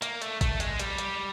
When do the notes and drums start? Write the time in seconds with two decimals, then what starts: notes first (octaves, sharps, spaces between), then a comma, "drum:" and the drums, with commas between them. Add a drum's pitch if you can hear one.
0.02 A#3, drum: hi-hat
0.22 A3, drum: hi-hat
0.41 A3, drum: kick, hi-hat
0.60 G#3, drum: hi-hat
0.79 G3, drum: hi-hat
0.98 drum: hi-hat